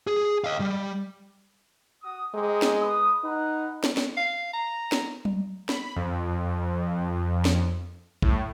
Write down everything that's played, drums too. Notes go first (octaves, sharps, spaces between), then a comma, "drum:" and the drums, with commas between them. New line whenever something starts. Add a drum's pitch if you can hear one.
G#4
D#5 F5
G3
F#4 D#6
G#3 C4 D#4 D6
drum: snare
B4 D#6
D#4 B4 F#5 A#5
drum: snare
drum: snare
F5
A#5
drum: snare
drum: tom F#3
B5, drum: snare
F2
drum: snare
A2, drum: kick